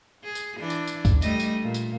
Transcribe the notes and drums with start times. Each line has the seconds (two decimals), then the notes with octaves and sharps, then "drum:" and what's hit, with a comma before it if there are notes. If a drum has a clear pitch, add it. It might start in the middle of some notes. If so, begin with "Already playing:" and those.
0.24 G#4
0.35 drum: tambourine
0.60 E3 D4
0.70 drum: tambourine
0.87 drum: tambourine
1.05 drum: kick, tambourine
1.22 G3 A3 D#5, drum: tambourine
1.40 drum: tambourine
1.62 A#2
1.74 drum: tambourine